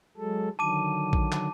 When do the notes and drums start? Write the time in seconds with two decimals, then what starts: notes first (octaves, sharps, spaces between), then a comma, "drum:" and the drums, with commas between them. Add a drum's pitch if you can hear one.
0.17 F#3 G#3 A4
0.59 D3 D#3 F#3 A5 D6 D#7
1.13 drum: kick
1.32 drum: clap